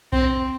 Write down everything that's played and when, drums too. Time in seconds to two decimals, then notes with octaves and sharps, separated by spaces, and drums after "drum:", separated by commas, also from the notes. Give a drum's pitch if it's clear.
0.13 C4, drum: kick B1